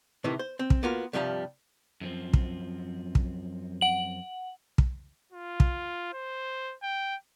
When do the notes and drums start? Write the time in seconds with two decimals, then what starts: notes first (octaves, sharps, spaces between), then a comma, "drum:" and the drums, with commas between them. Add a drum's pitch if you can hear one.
0.24 A2 C3 D#3 E3
0.39 C5
0.59 C4
0.70 drum: kick
0.83 A#3 B3 F4 F#4 A#4
1.13 G2 C3 F3 G3 F5 A#5
2.01 F#2 F3 C4
2.34 drum: kick
3.15 drum: kick
3.81 F#5 F#7
4.78 drum: kick
5.32 F4
5.60 drum: kick
6.13 C5
6.82 G5